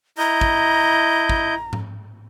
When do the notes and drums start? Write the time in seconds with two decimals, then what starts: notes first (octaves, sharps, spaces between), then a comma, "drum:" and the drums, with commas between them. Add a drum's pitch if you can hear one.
0.18 E4 D#5 A#5 G6
0.41 drum: kick
1.29 drum: kick
1.73 drum: tom G#2